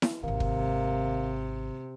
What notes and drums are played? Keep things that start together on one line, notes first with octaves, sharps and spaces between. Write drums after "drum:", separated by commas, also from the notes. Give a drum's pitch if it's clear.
drum: snare E4
G#1 C3 D#3 A#3
drum: kick